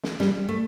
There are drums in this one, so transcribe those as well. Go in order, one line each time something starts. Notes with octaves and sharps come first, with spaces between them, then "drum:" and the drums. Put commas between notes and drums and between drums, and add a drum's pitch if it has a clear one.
drum: snare
G3, drum: snare
A3